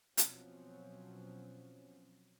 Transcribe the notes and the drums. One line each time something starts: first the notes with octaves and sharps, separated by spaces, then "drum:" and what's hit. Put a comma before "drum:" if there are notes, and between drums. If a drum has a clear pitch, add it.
B2 F3 F#3 C4 C#4, drum: hi-hat